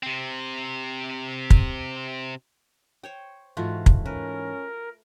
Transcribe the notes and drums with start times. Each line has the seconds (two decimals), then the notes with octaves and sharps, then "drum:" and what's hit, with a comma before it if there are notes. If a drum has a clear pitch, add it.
0.03 C3 C4
1.50 drum: kick
3.03 C5 C#5 G5
3.57 G#2 E3 A3 F4 F#4
3.86 drum: kick
4.06 C#4 A#4 B4